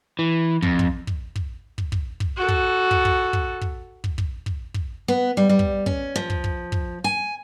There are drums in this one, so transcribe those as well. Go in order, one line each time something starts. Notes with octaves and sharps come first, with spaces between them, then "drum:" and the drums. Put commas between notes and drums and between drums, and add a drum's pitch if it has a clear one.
E3
F2, drum: kick
drum: kick
drum: kick
drum: kick
drum: kick
drum: kick
drum: kick
F#4 A4
drum: kick
drum: kick
drum: kick
drum: kick
drum: kick
drum: kick
drum: kick
drum: kick
drum: kick
B3
G3
G3
drum: kick
C#4, drum: kick
F3
drum: kick
drum: kick
drum: kick
G#5